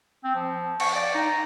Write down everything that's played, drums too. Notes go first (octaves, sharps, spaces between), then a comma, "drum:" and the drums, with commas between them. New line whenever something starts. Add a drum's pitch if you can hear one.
C4
F3
C#6, drum: cymbal
D5
D#4